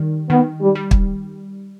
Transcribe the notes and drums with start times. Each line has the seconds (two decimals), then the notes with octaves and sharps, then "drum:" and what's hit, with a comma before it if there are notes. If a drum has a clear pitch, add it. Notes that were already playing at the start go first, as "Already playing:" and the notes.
Already playing: D#3 G3
0.30 D#3 B3
0.60 G3
0.75 G3
0.91 drum: kick